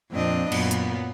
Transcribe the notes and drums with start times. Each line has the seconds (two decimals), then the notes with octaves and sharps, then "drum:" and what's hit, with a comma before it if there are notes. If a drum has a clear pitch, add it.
0.12 F2 A#2 C4 D4 D#5
0.52 F#2 A#2 B3, drum: cymbal
0.71 drum: hi-hat